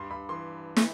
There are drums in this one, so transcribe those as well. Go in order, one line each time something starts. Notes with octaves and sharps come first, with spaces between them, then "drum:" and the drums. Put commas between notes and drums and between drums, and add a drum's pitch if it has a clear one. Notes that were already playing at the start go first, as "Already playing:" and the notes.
Already playing: G2 C6
G2 B5
E3 C6
drum: snare